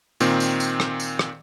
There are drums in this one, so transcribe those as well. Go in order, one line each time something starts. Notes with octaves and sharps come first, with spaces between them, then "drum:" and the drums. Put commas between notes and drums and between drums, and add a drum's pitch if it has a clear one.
A#2 D#3 C4, drum: tambourine
drum: tambourine
drum: tambourine
drum: rim click
drum: tambourine
drum: rim click